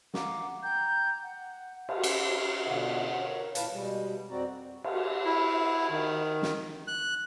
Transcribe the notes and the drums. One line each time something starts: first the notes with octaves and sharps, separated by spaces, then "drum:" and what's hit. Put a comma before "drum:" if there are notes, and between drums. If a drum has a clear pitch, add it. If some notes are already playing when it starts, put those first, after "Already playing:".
F5 F#5 A#5 D6, drum: snare
G5 A#5 G6
F#5
drum: cymbal
drum: cymbal
B2 D3 F4 F#5
A#4 C#5
A#2 E3 B4 F5 A5, drum: hi-hat
B2 G3 G#3
F2 C4 F#4 D5 A#5
drum: cymbal
E4
D#3
drum: snare
F#6